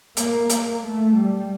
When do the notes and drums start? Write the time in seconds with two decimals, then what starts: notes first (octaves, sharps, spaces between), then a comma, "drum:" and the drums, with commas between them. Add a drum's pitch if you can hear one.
0.17 A#3, drum: hi-hat
0.49 A#3, drum: hi-hat
0.83 A3
1.16 G3